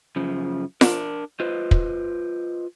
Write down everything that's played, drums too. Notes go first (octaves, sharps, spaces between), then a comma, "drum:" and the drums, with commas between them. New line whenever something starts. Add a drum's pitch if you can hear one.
F#2 C#3 F3
D4 A#4, drum: snare F4
F4 B4 C5 D#5
drum: kick